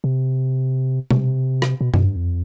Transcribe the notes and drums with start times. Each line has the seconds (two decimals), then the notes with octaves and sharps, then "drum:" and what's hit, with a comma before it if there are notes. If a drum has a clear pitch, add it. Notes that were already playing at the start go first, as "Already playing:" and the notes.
0.04 C3
1.11 C3, drum: tom B2
1.62 drum: rim click
1.81 B2
1.94 B2, drum: tom F#2
2.05 G2
2.16 F2